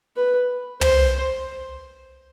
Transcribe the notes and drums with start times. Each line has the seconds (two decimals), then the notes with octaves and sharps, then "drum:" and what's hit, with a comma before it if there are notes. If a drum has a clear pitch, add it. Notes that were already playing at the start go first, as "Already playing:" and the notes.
0.17 B4
0.81 C5, drum: tom